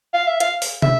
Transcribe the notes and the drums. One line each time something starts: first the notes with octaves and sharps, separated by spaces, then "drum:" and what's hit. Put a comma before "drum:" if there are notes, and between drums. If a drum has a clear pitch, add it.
F5
E5
F5, drum: hi-hat
drum: open hi-hat
E5, drum: tom